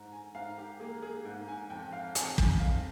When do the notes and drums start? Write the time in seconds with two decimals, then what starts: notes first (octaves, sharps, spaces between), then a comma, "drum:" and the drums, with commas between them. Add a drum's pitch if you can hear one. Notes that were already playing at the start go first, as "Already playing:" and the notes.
Already playing: G#2 A#5
0.12 G#5
0.34 G#2 F5
0.58 G4
0.80 A#3 G#4
1.02 G#4
1.25 G#2
1.48 G#5
1.70 F2 G5
1.92 F5
2.15 F2 G#5, drum: hi-hat
2.38 G#5, drum: kick
2.60 F2 F5